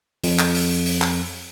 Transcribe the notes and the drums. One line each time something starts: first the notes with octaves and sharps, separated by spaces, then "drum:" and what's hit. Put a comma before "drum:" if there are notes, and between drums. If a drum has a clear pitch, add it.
F2, drum: open hi-hat
drum: clap
drum: open hi-hat
drum: open hi-hat
drum: clap